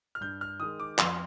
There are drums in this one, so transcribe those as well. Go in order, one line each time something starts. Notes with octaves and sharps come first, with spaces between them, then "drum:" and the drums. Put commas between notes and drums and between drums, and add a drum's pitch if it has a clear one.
F6
G2 G6
F6
D#3 G#3 D#6
D6
F2 C6, drum: clap